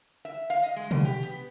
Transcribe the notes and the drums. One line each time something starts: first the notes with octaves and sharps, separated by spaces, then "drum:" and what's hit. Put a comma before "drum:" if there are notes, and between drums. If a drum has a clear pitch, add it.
E5
F5
D#5
G#3
B2, drum: tom B2
G4
B3